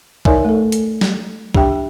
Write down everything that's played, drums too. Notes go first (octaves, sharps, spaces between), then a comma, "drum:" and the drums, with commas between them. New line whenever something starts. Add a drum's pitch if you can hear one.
D#4 A#4 C#5 D5 E5 G#5, drum: kick C2
A3 A4
drum: hi-hat
drum: snare
D4 G4 E5 G5, drum: kick C2